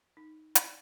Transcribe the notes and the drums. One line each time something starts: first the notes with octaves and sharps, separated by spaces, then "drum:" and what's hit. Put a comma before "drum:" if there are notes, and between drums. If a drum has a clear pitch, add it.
D#4
D5, drum: hi-hat